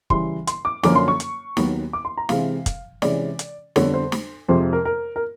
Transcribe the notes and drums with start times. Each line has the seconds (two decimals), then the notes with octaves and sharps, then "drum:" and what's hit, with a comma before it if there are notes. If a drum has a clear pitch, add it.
0.10 C#3 E3 G3 C6, drum: kick
0.47 C6, drum: hi-hat
0.65 D6
0.83 F#2 D3 F3 A#3 C#4 D6, drum: snare
0.96 C6
1.08 C#6
1.20 drum: hi-hat
1.57 D#2 D#3 F#3 B3, drum: snare
1.93 D6
2.05 C6
2.17 A#5
2.29 C3 E3 G#3 C4 F5, drum: snare
2.66 drum: kick, hi-hat
3.02 C3 E3 G#3 C#4 D5, drum: snare
3.39 drum: hi-hat
3.76 F2 D3 G3 B3 C#5, drum: snare
3.94 C5
4.12 drum: snare
4.48 F2 C3 F3 G#3 C5
4.73 A#4
4.85 A#4
5.16 A#4